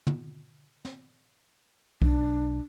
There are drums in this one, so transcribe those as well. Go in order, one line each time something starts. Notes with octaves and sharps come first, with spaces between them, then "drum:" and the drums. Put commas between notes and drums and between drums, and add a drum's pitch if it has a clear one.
drum: tom
drum: snare
B1 D4, drum: kick C2